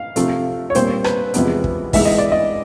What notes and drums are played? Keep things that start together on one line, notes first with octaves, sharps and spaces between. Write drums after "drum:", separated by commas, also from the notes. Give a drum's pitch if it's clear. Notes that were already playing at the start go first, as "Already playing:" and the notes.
Already playing: F5
C3 F3 A3, drum: hi-hat
C#5
A#2 G3 C4 C5, drum: hi-hat
B4, drum: rim click
E2 C3 F3 G#3 B3, drum: hi-hat
drum: kick
G#2 E3 G#3 B3 E5, drum: kick, open hi-hat
D#5
D5
D#5